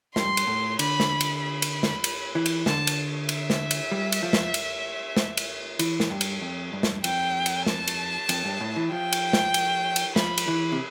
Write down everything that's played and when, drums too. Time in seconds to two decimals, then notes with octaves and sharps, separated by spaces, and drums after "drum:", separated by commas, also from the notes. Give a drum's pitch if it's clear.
0.16 G2 C6, drum: snare
0.37 drum: cymbal
0.47 A2
0.79 D3 B5, drum: cymbal
1.00 drum: snare
1.21 drum: cymbal
1.41 B5
1.62 drum: cymbal
1.83 drum: snare
2.04 drum: cymbal
2.35 E3
2.46 drum: cymbal
2.66 D3 A5, drum: snare
2.87 drum: cymbal
3.29 E5, drum: cymbal
3.50 drum: snare
3.71 drum: cymbal
3.92 G3
4.12 drum: cymbal
4.23 F3
4.33 drum: snare
4.54 drum: cymbal
5.17 drum: snare
5.37 drum: cymbal
5.79 E3, drum: cymbal
6.00 drum: snare
6.10 G2
6.21 drum: cymbal
6.41 F2
6.73 G2
6.83 drum: snare
7.04 F2 G5, drum: cymbal
7.46 drum: cymbal
7.66 A5, drum: snare
7.87 drum: cymbal
8.29 F2, drum: cymbal
8.45 G2
8.61 A2
8.76 E3
8.92 F3 G5
9.13 drum: cymbal
9.33 drum: snare
9.54 drum: cymbal
9.96 drum: cymbal
10.16 F3 B5, drum: snare
10.38 drum: cymbal
10.48 E3
10.72 C3